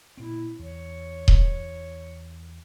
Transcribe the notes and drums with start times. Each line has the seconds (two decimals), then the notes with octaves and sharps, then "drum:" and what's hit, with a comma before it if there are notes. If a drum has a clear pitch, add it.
0.17 A#2 C4 E4
0.59 E2 C#5
1.28 drum: kick D#1